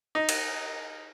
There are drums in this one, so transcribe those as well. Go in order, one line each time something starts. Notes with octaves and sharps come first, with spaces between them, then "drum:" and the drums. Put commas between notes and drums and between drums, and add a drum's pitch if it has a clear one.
D#4
drum: cymbal